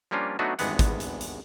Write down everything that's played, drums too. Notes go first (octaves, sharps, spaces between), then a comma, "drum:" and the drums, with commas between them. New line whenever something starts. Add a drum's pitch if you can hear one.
F3 G3 A#3 C#4 D4 F4
F#3 A3 B3 D4 D#4 F#4
G#1 E2 G2 G#3 B3 F#5, drum: hi-hat
drum: kick, hi-hat
drum: hi-hat
drum: hi-hat